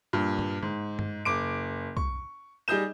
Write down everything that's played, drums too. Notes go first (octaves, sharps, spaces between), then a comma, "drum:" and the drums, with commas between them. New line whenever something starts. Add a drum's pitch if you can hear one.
G2 A#2
drum: tom G2
G#2, drum: tom
drum: tom G2
F#1 D6 D7
C#6, drum: kick
G3 D#4 G#4 D#5 G6 E7